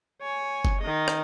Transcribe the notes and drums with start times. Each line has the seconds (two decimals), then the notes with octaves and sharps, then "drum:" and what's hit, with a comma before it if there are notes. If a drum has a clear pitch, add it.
0.21 C#5 G#5
0.65 drum: kick F#1
0.81 D#3 D#5
1.08 drum: rim click